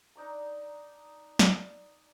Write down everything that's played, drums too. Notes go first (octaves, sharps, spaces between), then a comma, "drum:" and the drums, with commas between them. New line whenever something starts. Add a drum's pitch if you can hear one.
D4 D#4 D5 A#5
drum: snare